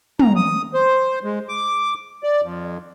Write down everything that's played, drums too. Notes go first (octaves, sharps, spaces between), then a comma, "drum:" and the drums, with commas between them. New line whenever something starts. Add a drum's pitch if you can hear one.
A#5, drum: tom
D#6
C5
G#3
D6
D5
F2